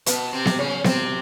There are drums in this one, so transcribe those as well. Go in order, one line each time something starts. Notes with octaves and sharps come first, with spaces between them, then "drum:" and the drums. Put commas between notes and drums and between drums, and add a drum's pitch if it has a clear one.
B2 B3, drum: hi-hat
C3 C4
drum: snare B3
C#3 C#4
C3 C4, drum: snare B3